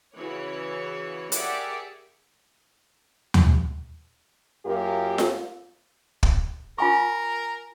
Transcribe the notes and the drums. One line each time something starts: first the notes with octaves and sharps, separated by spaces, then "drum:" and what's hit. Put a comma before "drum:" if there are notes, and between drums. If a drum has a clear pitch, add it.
C#3 E3 E4 F#4 C#5
G4 G#4 A#4 D5 E5 F#5, drum: hi-hat
drum: tom D#2
F#2 A#3 F4 G4 A#4
drum: snare F4
drum: kick
F4 A#4 G#5 C#6